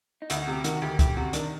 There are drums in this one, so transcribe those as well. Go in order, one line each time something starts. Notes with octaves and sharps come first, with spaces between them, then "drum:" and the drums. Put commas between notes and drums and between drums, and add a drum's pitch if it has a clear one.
D#4
D2 F#4, drum: hi-hat
D#4
F#4
C3
G4
D#3 F#4, drum: hi-hat
D2 G4
D2 G4, drum: kick, hi-hat
C3 F#4
D#3 D4, drum: hi-hat